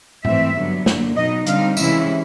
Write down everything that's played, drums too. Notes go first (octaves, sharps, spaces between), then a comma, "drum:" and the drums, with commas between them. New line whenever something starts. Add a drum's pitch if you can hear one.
G#2 E3 A3 C4 E5, drum: tom A2
G2 D3 F#3 B3
F#2 D3 F#3 A#3, drum: snare
B2 F#3 B3 D#4 D#5
D3 G3 C4 D#4 F5, drum: hi-hat
C3 E3 G#3 C#4 E4 E5, drum: tambourine